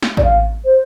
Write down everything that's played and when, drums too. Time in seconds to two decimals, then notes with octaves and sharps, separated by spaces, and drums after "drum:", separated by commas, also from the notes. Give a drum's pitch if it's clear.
0.03 drum: snare
0.17 D5, drum: kick A1
0.24 F5
0.65 C5